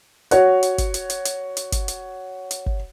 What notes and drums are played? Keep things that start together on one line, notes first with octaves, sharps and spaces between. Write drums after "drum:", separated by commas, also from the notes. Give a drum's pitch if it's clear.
F#4 C#5 F#5, drum: hi-hat
drum: hi-hat
drum: kick, hi-hat
drum: hi-hat
drum: hi-hat
drum: hi-hat
drum: hi-hat
drum: kick, hi-hat
drum: hi-hat
drum: hi-hat
drum: kick